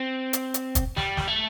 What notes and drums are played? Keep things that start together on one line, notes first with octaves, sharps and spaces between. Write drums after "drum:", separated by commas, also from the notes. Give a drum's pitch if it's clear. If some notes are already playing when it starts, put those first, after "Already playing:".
Already playing: C4
drum: hi-hat
drum: hi-hat
drum: kick, hi-hat
G3, drum: snare
drum: snare
A3